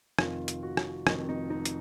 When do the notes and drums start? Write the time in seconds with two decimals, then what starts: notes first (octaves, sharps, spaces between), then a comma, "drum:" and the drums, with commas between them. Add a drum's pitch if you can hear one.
0.19 F1 F2 D#3 F4, drum: rim click
0.48 drum: hi-hat
0.63 F#4
0.77 drum: rim click
1.07 F1 F2 D#3, drum: rim click
1.29 D#4
1.50 D#4
1.65 drum: hi-hat